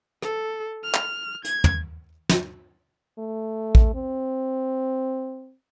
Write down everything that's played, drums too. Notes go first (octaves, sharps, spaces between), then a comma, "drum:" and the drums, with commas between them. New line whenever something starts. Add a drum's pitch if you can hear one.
A4, drum: rim click
F6
drum: clap
G#6, drum: hi-hat
drum: tom
drum: snare
A3
drum: kick A1
C4